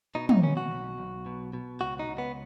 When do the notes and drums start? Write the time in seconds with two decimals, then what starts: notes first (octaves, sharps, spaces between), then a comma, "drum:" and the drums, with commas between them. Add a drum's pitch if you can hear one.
0.15 B2 D#4
0.29 D#4, drum: tom
0.42 B2 C#4
0.57 F#4
0.70 B1
0.98 B1
1.26 B2
1.53 B2
1.81 C#2 F#4
1.99 D#4
2.08 C#2
2.18 B3